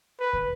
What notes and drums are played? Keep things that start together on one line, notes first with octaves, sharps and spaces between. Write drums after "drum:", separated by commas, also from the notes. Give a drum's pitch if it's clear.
B4
drum: kick